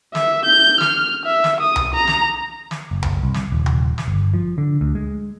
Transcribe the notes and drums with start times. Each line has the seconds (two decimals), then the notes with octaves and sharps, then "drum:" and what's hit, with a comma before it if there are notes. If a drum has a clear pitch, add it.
0.15 E5, drum: snare
0.45 G6
0.81 F6, drum: snare
1.25 E5
1.44 drum: snare
1.60 D#6
1.76 drum: tom C2
1.94 A#5
2.07 drum: snare
2.71 drum: snare
2.91 F#1
3.03 drum: tom C2
3.23 C2
3.34 drum: snare
3.52 D#1
3.66 drum: tom C3
3.98 drum: snare
4.08 G1
4.34 F3
4.58 D3
4.81 D2
4.95 G#3